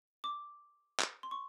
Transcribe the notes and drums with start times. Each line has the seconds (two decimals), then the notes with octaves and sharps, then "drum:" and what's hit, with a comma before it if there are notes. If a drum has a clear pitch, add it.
0.24 D6
1.00 drum: clap
1.23 C6
1.31 C#6